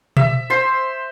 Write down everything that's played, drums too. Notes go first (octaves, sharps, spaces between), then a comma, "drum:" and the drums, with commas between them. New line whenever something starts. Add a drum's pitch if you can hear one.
E5, drum: tom B2
C5 C6